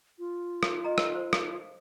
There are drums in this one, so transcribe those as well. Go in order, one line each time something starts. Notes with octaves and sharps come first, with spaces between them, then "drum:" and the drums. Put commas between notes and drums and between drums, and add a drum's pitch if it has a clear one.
F4
drum: rim click
D#5 A#5
drum: rim click
C5
drum: rim click